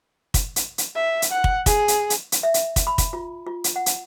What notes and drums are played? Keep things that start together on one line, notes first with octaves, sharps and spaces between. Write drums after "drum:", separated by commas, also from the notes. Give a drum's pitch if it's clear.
drum: kick, hi-hat
drum: hi-hat
drum: hi-hat
E5
drum: hi-hat
F#5
drum: kick
G#4, drum: kick, hi-hat
drum: hi-hat
drum: hi-hat
drum: hi-hat
E5
drum: hi-hat
drum: kick, hi-hat
B5
drum: kick, hi-hat
F4
F4
drum: hi-hat
F#5
drum: hi-hat